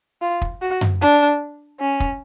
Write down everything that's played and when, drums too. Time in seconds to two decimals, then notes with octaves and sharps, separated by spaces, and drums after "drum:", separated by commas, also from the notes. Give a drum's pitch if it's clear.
0.21 F4
0.42 drum: kick
0.61 F#4
0.81 drum: tom F#2
1.01 D4
1.80 C#4
2.00 drum: kick